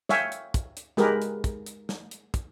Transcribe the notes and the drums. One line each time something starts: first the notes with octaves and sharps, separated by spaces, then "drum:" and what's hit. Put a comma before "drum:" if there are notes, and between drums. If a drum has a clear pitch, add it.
C#5 E5 F5 G5 G#5, drum: snare
drum: hi-hat
drum: kick, hi-hat
drum: hi-hat
G#3 G4 G#4 A#4 B4, drum: snare
drum: hi-hat
drum: kick, hi-hat
drum: hi-hat
drum: snare
drum: hi-hat
drum: kick, hi-hat